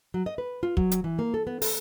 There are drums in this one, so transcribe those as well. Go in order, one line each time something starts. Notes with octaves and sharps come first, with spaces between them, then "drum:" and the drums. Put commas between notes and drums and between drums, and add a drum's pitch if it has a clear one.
F#3
D#5
B4
F4
F#3, drum: kick
drum: hi-hat
E3
A#3
A4
B3
A4, drum: open hi-hat